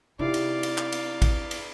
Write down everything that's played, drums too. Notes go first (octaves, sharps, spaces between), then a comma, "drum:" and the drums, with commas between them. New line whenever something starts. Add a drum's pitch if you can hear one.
C3 D#4 E4 G4 D5 F5
drum: cymbal
drum: cymbal
drum: clap
drum: cymbal
drum: kick A1, cymbal
drum: cymbal